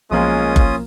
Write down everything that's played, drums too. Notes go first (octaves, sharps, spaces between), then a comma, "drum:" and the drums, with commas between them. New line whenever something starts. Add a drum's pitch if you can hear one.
B1 F3 G#3 A#3 C#4 F4 D#6
drum: kick F#1